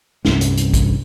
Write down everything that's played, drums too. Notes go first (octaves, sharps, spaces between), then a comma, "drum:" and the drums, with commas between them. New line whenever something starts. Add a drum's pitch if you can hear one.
C2 G2 C4 C#4, drum: snare
drum: hi-hat
drum: hi-hat
drum: kick, hi-hat